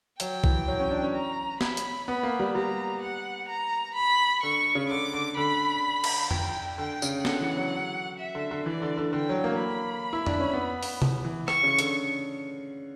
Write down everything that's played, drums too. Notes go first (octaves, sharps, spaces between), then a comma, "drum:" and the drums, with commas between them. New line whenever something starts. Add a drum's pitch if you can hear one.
F#3 G5, drum: hi-hat
E3, drum: kick B1
F#3
C#4
D4
C#4
A#5
B5, drum: snare
drum: hi-hat
B3 B5
A#3
G3
G3 A#5
F#5
A#5
B5
D3 C#6
C#3
D3 D6
D3
D3 B5
drum: cymbal
G5, drum: tom F2
D3 G5
C#3, drum: tambourine
D3 F#5, drum: snare
E3
F#3
E5
D3
D3
E3 D5
D3
D3
D3 G5
F#3
A#3
B5
E4
D4, drum: tom F2
C#4
B3
drum: open hi-hat
drum: tom
E3
C#6, drum: rim click
C#3
D3, drum: hi-hat